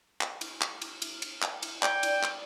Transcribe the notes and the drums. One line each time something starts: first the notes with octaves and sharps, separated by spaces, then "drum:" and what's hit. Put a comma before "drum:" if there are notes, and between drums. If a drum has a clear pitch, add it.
drum: clap
drum: cymbal
drum: clap
drum: cymbal
drum: cymbal
drum: cymbal
drum: clap
drum: cymbal
D5 G5, drum: clap
drum: cymbal
drum: clap